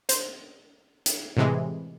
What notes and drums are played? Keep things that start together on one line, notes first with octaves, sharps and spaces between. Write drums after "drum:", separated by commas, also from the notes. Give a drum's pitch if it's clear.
C5, drum: hi-hat
drum: hi-hat
A2 C3 E3 G#3